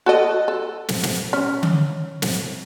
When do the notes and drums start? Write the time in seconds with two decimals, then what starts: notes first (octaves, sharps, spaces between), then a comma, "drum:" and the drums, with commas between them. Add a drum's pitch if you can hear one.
0.06 F#4 A4 D#5
0.48 A4
0.89 drum: snare
1.03 drum: snare
1.33 C#4
1.63 drum: tom D3
2.22 drum: snare